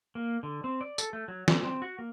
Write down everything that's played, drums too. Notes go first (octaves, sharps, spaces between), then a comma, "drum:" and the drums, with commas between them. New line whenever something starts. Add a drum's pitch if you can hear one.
A#3
D3
C4
D5
A4, drum: tambourine
A3
F#3
D3, drum: snare
C4
F#4
A#3